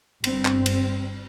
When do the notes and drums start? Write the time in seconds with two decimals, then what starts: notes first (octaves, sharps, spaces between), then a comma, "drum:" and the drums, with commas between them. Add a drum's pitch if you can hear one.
0.24 G1 G2 G3 C4, drum: cymbal
0.45 drum: clap
0.66 drum: cymbal